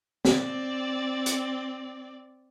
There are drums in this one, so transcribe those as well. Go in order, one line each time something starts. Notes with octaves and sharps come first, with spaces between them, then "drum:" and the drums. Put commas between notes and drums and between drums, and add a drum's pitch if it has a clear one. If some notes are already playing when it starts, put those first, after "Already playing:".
C4 D5, drum: snare
drum: hi-hat